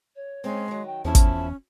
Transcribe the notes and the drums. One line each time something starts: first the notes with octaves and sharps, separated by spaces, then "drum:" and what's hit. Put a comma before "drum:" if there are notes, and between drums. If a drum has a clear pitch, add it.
C#5
G#3 C4 C#4
D#3 F#3
G5
E2 F3 A3 C#4 E4 A5
drum: kick, hi-hat